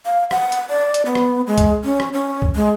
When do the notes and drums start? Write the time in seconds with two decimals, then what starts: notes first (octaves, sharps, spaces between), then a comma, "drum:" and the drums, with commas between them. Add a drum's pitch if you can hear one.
0.06 F5
0.31 F#5, drum: rim click
0.52 drum: hi-hat
0.70 D5
0.94 drum: hi-hat
1.06 B3
1.15 drum: rim click
1.47 G#3
1.58 drum: kick C2, hi-hat
1.84 C#4
2.00 drum: rim click
2.13 C#4
2.42 drum: kick C2
2.55 G#3